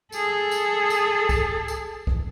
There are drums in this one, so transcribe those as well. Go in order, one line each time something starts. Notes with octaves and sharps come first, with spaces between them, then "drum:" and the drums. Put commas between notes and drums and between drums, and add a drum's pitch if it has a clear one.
G#4 A4, drum: tambourine
drum: tambourine
drum: tambourine
drum: kick, tambourine
drum: tambourine
drum: kick